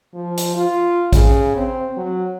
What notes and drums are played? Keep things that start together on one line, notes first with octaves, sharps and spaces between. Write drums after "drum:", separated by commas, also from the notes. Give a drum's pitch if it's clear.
F3
drum: hi-hat
F4
C#3, drum: kick, hi-hat
C4
F#3